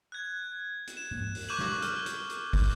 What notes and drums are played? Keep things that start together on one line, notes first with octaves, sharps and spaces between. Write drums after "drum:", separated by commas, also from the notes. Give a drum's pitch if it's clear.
F#6 G#6
drum: hi-hat
E7
drum: tom G#2
drum: open hi-hat
C#6 D6 F#6 G6 E7 F#7
drum: snare
F6, drum: hi-hat
drum: hi-hat
drum: hi-hat
drum: kick, open hi-hat